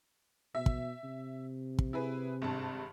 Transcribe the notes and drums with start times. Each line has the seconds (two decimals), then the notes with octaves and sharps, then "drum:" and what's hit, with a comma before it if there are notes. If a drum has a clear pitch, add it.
0.55 B2 E5
0.66 drum: kick
1.04 C3
1.79 drum: kick
1.93 E4 G#4 B4
2.42 G#1 G2 A5